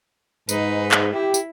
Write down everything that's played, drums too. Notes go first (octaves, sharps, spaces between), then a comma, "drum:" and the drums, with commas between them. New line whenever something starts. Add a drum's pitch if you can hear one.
G#2 D#4 B4, drum: tambourine
drum: clap
E4 G4
drum: tambourine